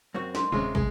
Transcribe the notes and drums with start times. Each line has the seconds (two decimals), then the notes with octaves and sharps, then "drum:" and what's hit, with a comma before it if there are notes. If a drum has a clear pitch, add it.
0.14 F#2 A#3 C4 F#4
0.35 G#2, drum: snare
0.52 D1 C3 G#3 C#4 F4
0.75 C3 G#3, drum: kick